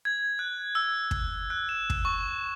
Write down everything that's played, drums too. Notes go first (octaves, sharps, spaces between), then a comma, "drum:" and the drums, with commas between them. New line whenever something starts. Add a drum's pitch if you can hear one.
G#6
F#6
E6
drum: kick
F#6
E7
drum: kick
C#6